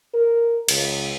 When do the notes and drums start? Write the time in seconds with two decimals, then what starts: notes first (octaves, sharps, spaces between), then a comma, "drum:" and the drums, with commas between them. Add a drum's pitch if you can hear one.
0.14 A#4
0.69 C#2, drum: cymbal